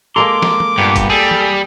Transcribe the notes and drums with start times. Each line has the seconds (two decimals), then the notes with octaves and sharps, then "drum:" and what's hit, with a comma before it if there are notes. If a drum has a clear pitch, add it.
0.16 G#3 A#3 A4 A#5 C6 D6
0.42 drum: snare
0.60 drum: tom E3
0.78 G2 A#2 B3 G4
0.96 drum: kick, hi-hat
1.10 G3 G#4 A4
1.31 drum: tom E3